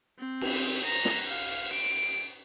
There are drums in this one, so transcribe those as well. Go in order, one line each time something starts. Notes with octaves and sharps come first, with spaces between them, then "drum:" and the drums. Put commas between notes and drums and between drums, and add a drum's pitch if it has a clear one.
C4
drum: cymbal
A#5
drum: snare
F5
D7